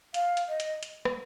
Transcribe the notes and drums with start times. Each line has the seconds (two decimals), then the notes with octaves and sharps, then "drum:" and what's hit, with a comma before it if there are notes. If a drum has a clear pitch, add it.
0.14 F5, drum: hi-hat
0.37 drum: hi-hat
0.49 D#5
0.60 drum: hi-hat
0.83 drum: hi-hat
1.05 drum: rim click